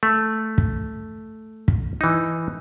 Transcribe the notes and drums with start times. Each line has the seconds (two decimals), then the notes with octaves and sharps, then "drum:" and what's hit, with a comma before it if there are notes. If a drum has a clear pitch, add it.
0.03 A3
0.58 drum: kick
1.68 drum: kick
2.01 E3 D#4